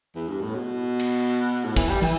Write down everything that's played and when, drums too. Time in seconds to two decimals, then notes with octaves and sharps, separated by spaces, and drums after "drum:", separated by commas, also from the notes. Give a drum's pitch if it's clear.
0.15 E2
0.29 G2
0.41 A2
0.55 B2
1.00 drum: cymbal
1.65 A2
1.77 E3, drum: kick
1.89 G3
2.02 E3, drum: tom